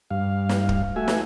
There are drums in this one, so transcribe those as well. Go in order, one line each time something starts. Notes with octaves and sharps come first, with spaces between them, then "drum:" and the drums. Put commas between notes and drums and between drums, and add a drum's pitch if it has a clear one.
G2 F5
drum: snare
drum: kick
A3 F#4 E5 G#5
drum: snare